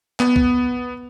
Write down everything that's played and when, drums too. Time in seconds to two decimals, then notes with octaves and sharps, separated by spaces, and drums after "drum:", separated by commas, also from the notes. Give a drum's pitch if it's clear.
0.20 B3, drum: clap
0.36 drum: kick B1